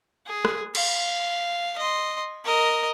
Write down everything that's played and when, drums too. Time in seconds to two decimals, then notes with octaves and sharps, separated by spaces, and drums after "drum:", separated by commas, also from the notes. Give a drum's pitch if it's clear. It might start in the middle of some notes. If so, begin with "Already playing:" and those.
0.27 G#4
0.45 drum: rim click
0.75 F5, drum: cymbal
1.78 D#5 C6
2.45 A#4 D#5